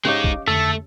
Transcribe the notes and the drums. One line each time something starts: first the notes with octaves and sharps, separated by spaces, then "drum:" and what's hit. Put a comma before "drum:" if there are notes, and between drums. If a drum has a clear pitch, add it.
G#3 C#4 D#4 G4 C#5 D#5 F5 D6, drum: snare
drum: kick
F2 D3 A3 A4